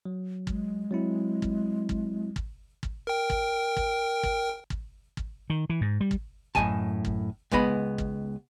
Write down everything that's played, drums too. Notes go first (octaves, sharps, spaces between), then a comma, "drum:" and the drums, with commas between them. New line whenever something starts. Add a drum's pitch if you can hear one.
F#3
G#3, drum: kick
F#3 C4 E4
drum: kick
drum: kick
drum: kick
drum: kick
A#4 G5
drum: kick
drum: kick
drum: kick
drum: kick
drum: kick
D#3
E3
G#2
G3
drum: kick
F#2 A2 G#3 D#5 G#5 A5, drum: kick
drum: kick
C#2 G#3 B3 D#5 B5, drum: kick
drum: kick